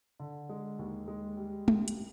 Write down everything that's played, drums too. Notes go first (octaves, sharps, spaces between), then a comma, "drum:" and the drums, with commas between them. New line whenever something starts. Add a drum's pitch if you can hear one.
D3
G#3
D#2
G#3
G3
G3, drum: tom
drum: hi-hat
G3